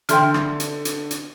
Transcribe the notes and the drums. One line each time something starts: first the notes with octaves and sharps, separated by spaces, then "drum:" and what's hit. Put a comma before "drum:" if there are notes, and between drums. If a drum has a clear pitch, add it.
D3 E5 G5 C6 F6 G6, drum: hi-hat
drum: rim click
drum: hi-hat
drum: hi-hat
drum: hi-hat